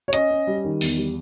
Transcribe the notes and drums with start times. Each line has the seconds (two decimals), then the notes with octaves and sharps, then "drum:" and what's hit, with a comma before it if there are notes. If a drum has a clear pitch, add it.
0.08 C#5
0.13 C#4 D#5, drum: hi-hat
0.31 C#4
0.47 G3
0.64 D#3
0.81 E2, drum: open hi-hat
0.97 G3